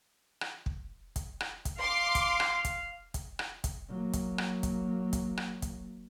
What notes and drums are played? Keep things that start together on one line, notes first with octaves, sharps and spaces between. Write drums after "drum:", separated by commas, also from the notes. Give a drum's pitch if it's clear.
drum: rim click
drum: kick
drum: kick, hi-hat
drum: rim click
drum: kick, hi-hat
F5 C6 D6
drum: kick, hi-hat
drum: rim click
drum: kick, hi-hat
drum: kick, hi-hat
drum: rim click
drum: kick, hi-hat
F#3 A#3
drum: kick, hi-hat
drum: rim click
drum: kick, hi-hat
drum: kick, hi-hat
drum: rim click
drum: kick, hi-hat